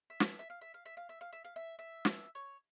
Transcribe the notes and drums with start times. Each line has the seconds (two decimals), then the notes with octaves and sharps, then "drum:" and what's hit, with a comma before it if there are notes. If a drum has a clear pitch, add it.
0.10 E5
0.20 drum: snare
0.39 E5
0.50 F5
0.61 E5
0.74 F5
0.86 E5
0.97 F5
1.09 E5
1.21 F5
1.33 E5
1.45 F5
1.56 E5
1.79 E5
2.05 drum: snare
2.35 C#5